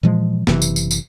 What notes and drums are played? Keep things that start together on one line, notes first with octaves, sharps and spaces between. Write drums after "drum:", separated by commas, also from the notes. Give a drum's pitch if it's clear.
A#2 E3 F3 G#3
F#1 C3 E3, drum: snare
drum: tambourine
drum: tambourine
drum: tambourine